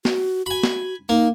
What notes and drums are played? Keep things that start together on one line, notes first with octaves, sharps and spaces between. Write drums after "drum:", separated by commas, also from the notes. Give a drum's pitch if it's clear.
F#4, drum: snare
F#4 G#5 B5
drum: snare
A#3 D#4